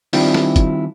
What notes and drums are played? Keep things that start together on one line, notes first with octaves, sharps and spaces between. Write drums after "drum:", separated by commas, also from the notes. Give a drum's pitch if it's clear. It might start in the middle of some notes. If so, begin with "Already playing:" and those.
D#3 G3 C4 D4 E4 F4, drum: open hi-hat
drum: snare
drum: kick F#1, hi-hat